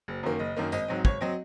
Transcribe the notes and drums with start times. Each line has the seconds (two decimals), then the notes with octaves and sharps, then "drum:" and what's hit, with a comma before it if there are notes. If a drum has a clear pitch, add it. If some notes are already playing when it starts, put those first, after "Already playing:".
0.08 F#1
0.23 F#2 D#3 A#3
0.39 F#1 D#5
0.57 F#2 D#3 A#3
0.72 G#1 D#5, drum: tambourine
0.88 G#2 F#3 C4
1.05 G#1 C#5, drum: kick
1.21 F#3 C4 D#5